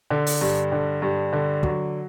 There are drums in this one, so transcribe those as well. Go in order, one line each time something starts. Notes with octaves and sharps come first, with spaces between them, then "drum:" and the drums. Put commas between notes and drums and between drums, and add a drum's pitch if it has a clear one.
D3
drum: open hi-hat
G2
D3
G2
D3
F#3, drum: kick